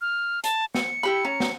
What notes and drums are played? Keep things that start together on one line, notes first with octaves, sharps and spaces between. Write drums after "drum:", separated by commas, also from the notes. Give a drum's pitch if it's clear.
F6
A5, drum: hi-hat
C#7, drum: snare
E4 G4 B5
C#4 A#5
drum: snare